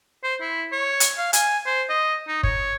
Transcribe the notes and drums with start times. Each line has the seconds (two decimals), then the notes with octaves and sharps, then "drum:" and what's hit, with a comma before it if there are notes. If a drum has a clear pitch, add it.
0.24 C5
0.41 E4
0.72 C#5
1.00 drum: hi-hat
1.18 F5
1.33 G#5, drum: hi-hat
1.66 C5
1.89 D#5
2.28 D#4
2.43 C#5, drum: kick